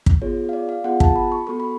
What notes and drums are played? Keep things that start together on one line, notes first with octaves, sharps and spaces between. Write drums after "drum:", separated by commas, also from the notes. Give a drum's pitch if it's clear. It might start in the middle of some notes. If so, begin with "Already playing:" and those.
drum: kick
B3 F4 G#4 C#5
F5
D5
F5
B3 F4 G#4 F#5
A5, drum: kick
B5
C#6
B3 F#4 A4 C#6
B5